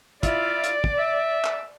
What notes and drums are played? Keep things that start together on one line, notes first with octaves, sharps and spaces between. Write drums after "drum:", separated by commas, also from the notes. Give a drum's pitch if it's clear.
E4 F4 D5, drum: kick, hi-hat
drum: hi-hat
drum: kick
E5
drum: clap